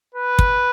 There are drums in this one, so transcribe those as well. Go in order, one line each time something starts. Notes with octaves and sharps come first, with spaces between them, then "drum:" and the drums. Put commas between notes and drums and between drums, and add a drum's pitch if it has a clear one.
B4
drum: kick